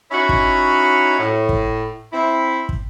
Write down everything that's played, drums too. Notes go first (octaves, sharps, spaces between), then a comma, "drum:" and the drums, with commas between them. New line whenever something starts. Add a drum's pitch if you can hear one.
C#4 D#4 E4 F#4 C#5
drum: kick
A2
drum: kick
C4 E4
drum: kick